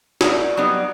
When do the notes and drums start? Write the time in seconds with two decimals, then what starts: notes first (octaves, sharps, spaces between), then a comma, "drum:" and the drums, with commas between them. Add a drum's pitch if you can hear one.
0.21 D#4 E4 F#4 A#4 D5, drum: snare
0.57 F#3 G3 B3 D#4